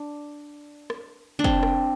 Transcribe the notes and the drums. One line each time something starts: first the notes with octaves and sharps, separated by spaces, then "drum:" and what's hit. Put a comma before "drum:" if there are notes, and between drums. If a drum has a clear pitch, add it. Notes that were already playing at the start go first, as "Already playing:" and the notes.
Already playing: D4
drum: rim click
D4
C4, drum: kick
drum: rim click